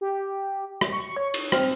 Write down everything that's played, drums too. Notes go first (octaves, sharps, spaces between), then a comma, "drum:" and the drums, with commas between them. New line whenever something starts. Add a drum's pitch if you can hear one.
G4
drum: rim click
C#6
C#5
drum: cymbal
C4 F6, drum: rim click